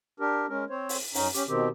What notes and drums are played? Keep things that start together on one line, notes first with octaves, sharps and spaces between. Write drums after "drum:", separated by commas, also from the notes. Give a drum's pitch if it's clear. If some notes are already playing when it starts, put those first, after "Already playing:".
D4 G4 A#4
G#3 C#4 A#4
C4 C5 C#5
drum: open hi-hat
F#2 C#4 D#4, drum: open hi-hat
C#4 G4, drum: hi-hat
B2 D#3 C4 G4